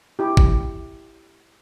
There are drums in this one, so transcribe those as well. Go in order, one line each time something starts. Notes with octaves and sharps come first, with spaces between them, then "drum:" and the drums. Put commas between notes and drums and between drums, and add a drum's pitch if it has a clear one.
E4 G4
drum: kick G1